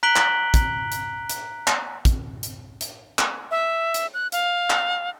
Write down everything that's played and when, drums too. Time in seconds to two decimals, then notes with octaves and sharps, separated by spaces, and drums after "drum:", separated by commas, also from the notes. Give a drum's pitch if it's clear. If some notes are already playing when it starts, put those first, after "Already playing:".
0.03 A#5 F#6 B6 D7 F#7 G7
0.16 drum: clap
0.54 drum: kick, hi-hat
0.92 drum: hi-hat
1.29 drum: hi-hat
1.67 drum: clap
2.05 drum: kick, hi-hat
2.43 drum: hi-hat
2.81 drum: hi-hat
3.19 drum: clap
3.51 E5
3.94 drum: hi-hat
4.14 F#6
4.32 F5, drum: hi-hat
4.70 drum: clap